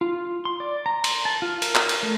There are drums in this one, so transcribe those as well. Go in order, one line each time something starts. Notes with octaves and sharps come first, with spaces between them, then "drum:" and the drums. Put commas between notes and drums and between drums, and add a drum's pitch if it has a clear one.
F4
C6
D5
A#5
C6, drum: cymbal
A5
F4
A#4, drum: cymbal
drum: clap
drum: cymbal
A3